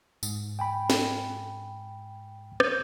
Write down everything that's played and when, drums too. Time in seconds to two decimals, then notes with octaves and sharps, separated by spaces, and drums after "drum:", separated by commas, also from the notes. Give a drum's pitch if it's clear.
0.23 G#2, drum: tambourine
0.59 G5 G#5 B5
0.90 drum: snare
2.60 C5 G6, drum: rim click